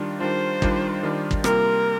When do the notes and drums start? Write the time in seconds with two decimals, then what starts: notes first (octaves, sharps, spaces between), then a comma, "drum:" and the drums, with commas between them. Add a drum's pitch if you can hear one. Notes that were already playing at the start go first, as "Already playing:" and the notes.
Already playing: D#3 G3 D4 F4
0.20 D#3 G3 D4 F4 C5
0.62 D#3 G3 D4 F4, drum: kick
1.03 D#3 G3 D4 F4
1.31 drum: kick
1.44 C3 G3 A#3 F4 A#4, drum: rim click